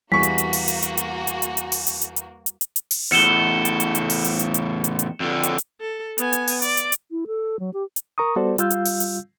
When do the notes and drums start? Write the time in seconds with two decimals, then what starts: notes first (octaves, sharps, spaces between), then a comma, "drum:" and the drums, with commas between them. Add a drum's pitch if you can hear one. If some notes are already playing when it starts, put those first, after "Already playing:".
0.12 E2 G3 A#3 E4 F#4 C#6 B6
0.23 drum: hi-hat
0.38 drum: hi-hat
0.53 drum: open hi-hat
0.68 drum: hi-hat
0.83 drum: hi-hat
0.97 drum: hi-hat
1.27 drum: hi-hat
1.42 drum: hi-hat
1.57 drum: hi-hat
1.72 drum: open hi-hat
1.87 drum: hi-hat
2.01 drum: hi-hat
2.16 drum: hi-hat
2.46 drum: hi-hat
2.61 drum: hi-hat
2.76 drum: hi-hat
2.91 drum: open hi-hat
3.12 E2 A2 C#7 E7 G7
3.65 drum: hi-hat
3.80 drum: hi-hat
3.95 drum: hi-hat
4.10 drum: open hi-hat
4.24 drum: hi-hat
4.39 drum: hi-hat
4.54 drum: hi-hat
4.84 drum: hi-hat
4.99 drum: hi-hat
5.20 F2 D3
5.43 drum: hi-hat
5.58 drum: hi-hat
5.81 A4
6.18 B3 G#5, drum: hi-hat
6.33 drum: hi-hat
6.47 drum: open hi-hat
6.62 D5, drum: hi-hat
6.77 drum: hi-hat
6.92 drum: hi-hat
7.11 E4
7.27 A4
7.59 F#3
7.73 G4
7.96 drum: hi-hat
8.18 A#4 A#5 C#6 D#6
8.36 G3 B3 F#4 A4 C5 D5
8.58 G3 F4 F5 E6 G6, drum: hi-hat
8.70 drum: hi-hat
8.85 drum: open hi-hat
9.00 drum: hi-hat